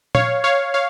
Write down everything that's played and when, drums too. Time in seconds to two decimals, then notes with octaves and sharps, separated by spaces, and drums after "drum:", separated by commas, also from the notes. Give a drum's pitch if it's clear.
0.15 C#5 F5, drum: tom A#2
0.44 C#5 F5
0.74 C#5 F5